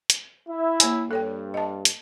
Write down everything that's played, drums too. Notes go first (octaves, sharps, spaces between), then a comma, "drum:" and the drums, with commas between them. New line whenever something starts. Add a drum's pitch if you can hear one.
drum: hi-hat
E4
A#3 C#5 G#5, drum: hi-hat
G2 A4 C#5 G5
D#5 A5
drum: hi-hat